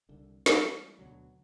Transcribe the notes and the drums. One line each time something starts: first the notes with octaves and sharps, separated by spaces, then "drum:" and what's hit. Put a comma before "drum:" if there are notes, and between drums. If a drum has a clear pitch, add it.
C2 D3
E3 G3 G#3 A#3, drum: snare
D2 B2 D3 F#3